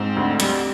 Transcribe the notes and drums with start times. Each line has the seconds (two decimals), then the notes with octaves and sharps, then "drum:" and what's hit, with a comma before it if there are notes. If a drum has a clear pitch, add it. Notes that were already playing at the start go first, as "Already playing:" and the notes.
Already playing: G#2 C4
0.16 D2
0.40 G3, drum: hi-hat